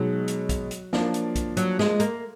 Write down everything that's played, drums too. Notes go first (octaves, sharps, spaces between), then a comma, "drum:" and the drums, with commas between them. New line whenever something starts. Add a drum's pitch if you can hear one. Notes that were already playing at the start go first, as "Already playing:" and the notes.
Already playing: B2 F#3 G#3 D#4
drum: hi-hat
drum: kick B1, hi-hat
drum: hi-hat
F3 A#3 D4, drum: snare
drum: hi-hat
drum: kick B1, hi-hat
F#3, drum: hi-hat
G#3, drum: snare
A#3, drum: hi-hat